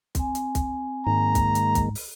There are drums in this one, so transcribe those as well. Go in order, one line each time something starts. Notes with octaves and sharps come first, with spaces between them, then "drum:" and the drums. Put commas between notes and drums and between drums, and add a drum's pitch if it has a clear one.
C4 G#5, drum: kick, hi-hat
drum: hi-hat
drum: kick, hi-hat
G#2 D#3 G#3 A#3 A#5
drum: kick, hi-hat
drum: hi-hat
drum: kick, hi-hat
drum: open hi-hat